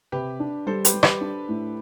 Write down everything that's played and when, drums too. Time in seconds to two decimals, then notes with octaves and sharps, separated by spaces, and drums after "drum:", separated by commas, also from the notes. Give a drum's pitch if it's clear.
0.12 C3 G4 B4
0.40 D4
0.67 G3 A4 C5
0.85 G4 B4, drum: hi-hat
0.94 G3
1.03 G4 B4, drum: rim click
1.21 D4
1.49 A2